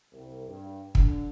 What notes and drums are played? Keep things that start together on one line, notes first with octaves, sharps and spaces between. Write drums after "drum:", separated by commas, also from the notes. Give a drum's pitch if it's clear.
C2
G2
D3, drum: kick